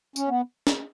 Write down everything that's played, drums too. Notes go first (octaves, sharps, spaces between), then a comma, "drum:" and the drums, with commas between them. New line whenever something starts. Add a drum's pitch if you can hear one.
C#4, drum: tambourine
B3
drum: snare